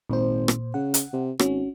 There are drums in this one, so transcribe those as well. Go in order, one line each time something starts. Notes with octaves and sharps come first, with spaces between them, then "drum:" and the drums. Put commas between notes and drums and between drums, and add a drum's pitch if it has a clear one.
G#1 A#2 C5
drum: rim click
C#3 F#5
drum: hi-hat
C3
G#1 C#4 F#4, drum: rim click